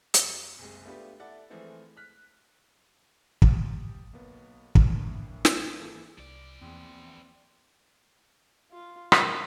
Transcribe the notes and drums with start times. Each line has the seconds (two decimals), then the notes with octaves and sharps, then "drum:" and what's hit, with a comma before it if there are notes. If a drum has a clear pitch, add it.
0.14 F#2, drum: hi-hat
0.58 F#1 C2 G#3
0.85 A3 B3 D4 F4 G4 B4
1.20 E4 A4 D5 F#5
1.50 E3 F3 G#3 A3 C4
1.97 F6 F#6 B6
3.42 F3 G4 F5 D#6 A6, drum: kick
3.56 G4
4.13 B1 A#3 B3
4.75 A2 E3 G3 A#3 D4 E4, drum: kick
5.45 drum: snare
5.79 G#1 E3 A#3 G#4 A4
6.18 C2 F3 D5
6.61 E2 A#3 C4
8.71 F4
9.12 A#4, drum: rim click